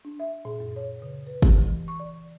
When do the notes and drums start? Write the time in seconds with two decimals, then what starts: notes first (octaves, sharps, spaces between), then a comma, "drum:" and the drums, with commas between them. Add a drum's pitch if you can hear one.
0.05 D4
0.20 E5
0.45 A#2
0.60 F#2
0.76 C#5
1.02 C#3
1.27 B4
1.42 G4, drum: kick
1.58 E3
1.88 C#6
2.00 D5